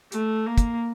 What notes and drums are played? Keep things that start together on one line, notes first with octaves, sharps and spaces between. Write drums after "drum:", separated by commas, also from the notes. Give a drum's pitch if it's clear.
A3, drum: hi-hat
A#3
drum: kick, hi-hat